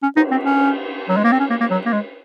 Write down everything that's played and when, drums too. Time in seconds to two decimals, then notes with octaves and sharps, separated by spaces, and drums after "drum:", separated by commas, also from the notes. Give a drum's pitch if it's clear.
0.03 C#4
0.17 D#4, drum: cymbal
0.31 C4
0.45 C#4
1.09 F#3
1.17 G#3
1.24 A#3
1.32 C4
1.40 C#4
1.50 A#3
1.61 A#3
1.71 F#3
1.86 A#3
1.93 G#3